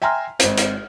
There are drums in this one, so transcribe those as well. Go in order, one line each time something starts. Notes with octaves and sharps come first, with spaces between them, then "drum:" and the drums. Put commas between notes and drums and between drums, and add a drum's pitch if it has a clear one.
E5 G5 G#5 A#5 C6 F6
G#1 C4, drum: hi-hat
drum: hi-hat